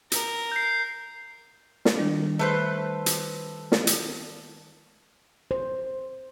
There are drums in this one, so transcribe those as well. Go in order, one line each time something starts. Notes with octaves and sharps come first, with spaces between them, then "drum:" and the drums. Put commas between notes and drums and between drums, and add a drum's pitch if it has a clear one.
A#4, drum: hi-hat
G6 C7
drum: snare
D#3 G3 D4
A3 B4 C5
drum: hi-hat
drum: snare
drum: hi-hat
C5